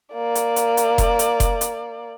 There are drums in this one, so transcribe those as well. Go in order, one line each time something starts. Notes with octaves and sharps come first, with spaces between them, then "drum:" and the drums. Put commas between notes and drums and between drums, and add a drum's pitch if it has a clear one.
A#3 D5
drum: hi-hat
drum: hi-hat
drum: hi-hat
drum: kick F1, hi-hat
drum: hi-hat
drum: kick F1, hi-hat
drum: hi-hat